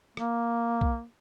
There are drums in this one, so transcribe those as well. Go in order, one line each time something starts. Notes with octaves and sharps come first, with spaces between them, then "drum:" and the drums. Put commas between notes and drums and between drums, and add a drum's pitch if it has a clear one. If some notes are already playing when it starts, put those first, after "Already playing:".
A#3, drum: rim click
drum: kick B1